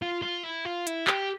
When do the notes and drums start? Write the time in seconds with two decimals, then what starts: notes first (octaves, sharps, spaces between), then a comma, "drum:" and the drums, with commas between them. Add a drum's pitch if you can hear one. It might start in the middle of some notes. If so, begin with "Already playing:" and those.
0.02 F4
0.22 F4
0.44 E4
0.65 F4
0.87 E4, drum: hi-hat
1.07 G4, drum: clap